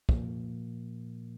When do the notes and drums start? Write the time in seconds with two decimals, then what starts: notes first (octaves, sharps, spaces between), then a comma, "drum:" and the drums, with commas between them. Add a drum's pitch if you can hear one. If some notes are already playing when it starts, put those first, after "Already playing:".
0.09 A#2 F3 A#3, drum: kick